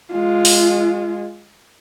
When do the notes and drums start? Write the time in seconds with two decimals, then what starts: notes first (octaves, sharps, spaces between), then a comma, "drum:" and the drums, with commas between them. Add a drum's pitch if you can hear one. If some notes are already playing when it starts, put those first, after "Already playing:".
0.11 G#3 F4
0.45 drum: open hi-hat